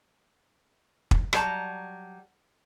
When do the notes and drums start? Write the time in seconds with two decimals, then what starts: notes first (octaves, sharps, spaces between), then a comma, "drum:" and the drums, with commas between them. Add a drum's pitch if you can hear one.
1.11 drum: kick
1.33 F#3 G3 A4 C#5 A5 A#5, drum: rim click